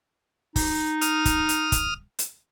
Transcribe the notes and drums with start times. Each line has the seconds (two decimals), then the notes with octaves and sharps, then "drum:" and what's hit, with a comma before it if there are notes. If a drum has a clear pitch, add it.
0.56 D#4, drum: kick, open hi-hat
1.01 D#6 F6, drum: hi-hat
1.25 drum: kick, hi-hat
1.49 drum: hi-hat
1.72 drum: kick, hi-hat
2.19 drum: hi-hat